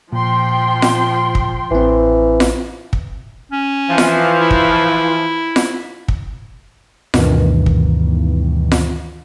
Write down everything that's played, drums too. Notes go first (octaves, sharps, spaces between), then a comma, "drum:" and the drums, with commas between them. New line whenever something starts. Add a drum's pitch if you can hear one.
A#2 F3 G5 C6
drum: snare F4
drum: kick
A1 E3 C4
drum: snare F4
drum: kick
C#4
E3 F3
drum: snare F4
E4
drum: kick
drum: snare F4
drum: kick
D2 G2 B2 D#3 E3, drum: snare F4
drum: kick
drum: snare F4